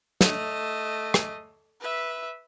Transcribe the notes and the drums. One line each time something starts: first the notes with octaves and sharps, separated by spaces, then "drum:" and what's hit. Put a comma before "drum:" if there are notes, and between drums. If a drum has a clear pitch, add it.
A3 D#5, drum: snare
drum: rim click
B4 E5